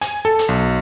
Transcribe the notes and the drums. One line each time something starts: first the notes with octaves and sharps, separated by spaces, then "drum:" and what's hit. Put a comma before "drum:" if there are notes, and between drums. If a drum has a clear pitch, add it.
G#5, drum: hi-hat
A4
drum: hi-hat
B1